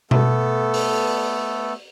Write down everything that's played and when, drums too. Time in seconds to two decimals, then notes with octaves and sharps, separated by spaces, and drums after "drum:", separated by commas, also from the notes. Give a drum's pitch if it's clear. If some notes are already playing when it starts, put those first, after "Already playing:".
0.11 A3 B3 A4, drum: tom B2
0.74 drum: open hi-hat